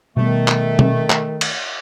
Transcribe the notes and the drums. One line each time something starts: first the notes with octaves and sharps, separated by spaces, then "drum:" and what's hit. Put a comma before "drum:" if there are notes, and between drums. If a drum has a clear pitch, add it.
B2 D#3 G3 A3 B3
drum: clap
drum: tom B2
drum: clap
drum: cymbal